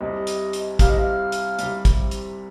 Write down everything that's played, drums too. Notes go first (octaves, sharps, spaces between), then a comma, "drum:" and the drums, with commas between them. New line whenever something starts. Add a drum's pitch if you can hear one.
C2 C3 G3 D#5
drum: hi-hat
drum: hi-hat
C2 C3 G3 F5, drum: kick, hi-hat
D#5
F5
drum: hi-hat
C2 C3 G3, drum: hi-hat
drum: kick, hi-hat
drum: hi-hat